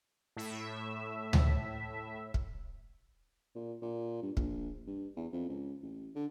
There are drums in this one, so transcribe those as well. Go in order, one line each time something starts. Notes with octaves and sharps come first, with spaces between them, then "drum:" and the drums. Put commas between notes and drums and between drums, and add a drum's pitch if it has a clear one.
A2 E5
drum: tom D2
drum: kick
A#2
A#2
G2
A#1, drum: kick
G2
E2
F2
C#2
A1
D3